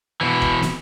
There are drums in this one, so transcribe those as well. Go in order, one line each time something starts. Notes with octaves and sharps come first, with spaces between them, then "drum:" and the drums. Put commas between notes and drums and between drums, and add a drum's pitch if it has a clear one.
B2 E3
drum: kick
drum: snare